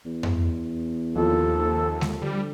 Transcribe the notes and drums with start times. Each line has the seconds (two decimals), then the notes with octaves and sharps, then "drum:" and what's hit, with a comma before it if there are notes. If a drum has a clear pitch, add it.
0.05 E2
0.23 drum: tom F2
1.15 D#2 F3 C4 F4 A4
2.01 drum: snare G#3
2.22 D3 G3